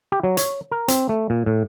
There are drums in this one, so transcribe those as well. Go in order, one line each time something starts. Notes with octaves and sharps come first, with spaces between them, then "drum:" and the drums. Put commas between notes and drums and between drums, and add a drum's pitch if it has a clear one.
G4
F#3
C#5, drum: hi-hat
A#4
C4, drum: hi-hat
A3
A#2
A2